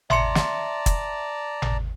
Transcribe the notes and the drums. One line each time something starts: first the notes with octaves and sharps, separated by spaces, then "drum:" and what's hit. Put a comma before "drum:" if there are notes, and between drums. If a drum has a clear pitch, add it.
D5 E5 A5 A#5 C6 C#7, drum: tom G#1
drum: snare
drum: kick, hi-hat
drum: tom G#1